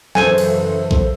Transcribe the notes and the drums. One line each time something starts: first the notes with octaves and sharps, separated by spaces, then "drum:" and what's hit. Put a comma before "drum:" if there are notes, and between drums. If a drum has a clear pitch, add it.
F#2 C#3 E3 A4 C5 G#5, drum: snare
drum: cymbal
drum: kick A#1